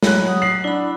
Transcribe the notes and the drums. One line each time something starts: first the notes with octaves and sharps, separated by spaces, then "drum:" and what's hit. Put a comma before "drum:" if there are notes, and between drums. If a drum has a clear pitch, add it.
F#3 B5 F#6, drum: snare
F#5 D#6
F#3 F#5 C7
D4 E4 B5